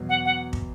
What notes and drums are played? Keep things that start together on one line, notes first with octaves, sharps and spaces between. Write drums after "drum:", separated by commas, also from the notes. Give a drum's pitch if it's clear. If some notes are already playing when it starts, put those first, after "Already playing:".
Already playing: E2 B2 F#3
F#5
F#5
drum: kick